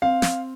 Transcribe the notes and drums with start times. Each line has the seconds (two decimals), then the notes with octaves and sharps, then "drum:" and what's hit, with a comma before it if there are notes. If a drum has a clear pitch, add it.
0.02 C4 F5
0.22 drum: snare